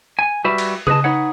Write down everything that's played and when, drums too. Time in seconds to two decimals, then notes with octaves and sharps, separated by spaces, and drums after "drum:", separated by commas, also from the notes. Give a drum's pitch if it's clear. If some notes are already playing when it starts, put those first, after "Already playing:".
0.19 G#5
0.45 G3 F#4 B4 E5
0.58 drum: cymbal
0.87 G#4 B4 C5 D#5 A5, drum: tom C#3
1.04 D#4 B4 C#5 F#5